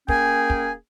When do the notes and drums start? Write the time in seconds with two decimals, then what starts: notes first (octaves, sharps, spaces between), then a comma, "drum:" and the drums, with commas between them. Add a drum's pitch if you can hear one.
0.09 A#3 C#4 G#4 G5 G#5, drum: kick
0.50 drum: kick